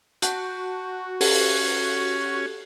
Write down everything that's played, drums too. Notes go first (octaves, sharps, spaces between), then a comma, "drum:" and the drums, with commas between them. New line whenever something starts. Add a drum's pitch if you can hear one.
F#4 F#5 A5 G6, drum: hi-hat
C#4 G4 A4, drum: open hi-hat